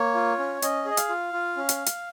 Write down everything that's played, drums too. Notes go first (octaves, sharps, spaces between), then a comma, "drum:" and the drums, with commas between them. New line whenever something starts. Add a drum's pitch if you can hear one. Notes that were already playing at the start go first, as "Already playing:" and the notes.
Already playing: A#3 C#5
F4
C#4
C#4 D#5, drum: hi-hat
G#4 D#5
F5, drum: hi-hat
F4
F4
C#4
drum: hi-hat
drum: hi-hat